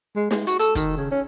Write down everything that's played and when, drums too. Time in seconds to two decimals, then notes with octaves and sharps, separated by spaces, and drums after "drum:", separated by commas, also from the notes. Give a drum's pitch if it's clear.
0.16 G#3
0.31 G#3, drum: snare
0.47 F#4, drum: hi-hat
0.59 A4, drum: hi-hat
0.75 D#3, drum: kick, hi-hat
0.97 C#3
1.11 C#4